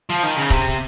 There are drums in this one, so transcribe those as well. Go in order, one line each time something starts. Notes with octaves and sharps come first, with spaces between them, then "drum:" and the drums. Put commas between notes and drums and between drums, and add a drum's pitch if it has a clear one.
F3
D#3
C#3
C3, drum: kick C#1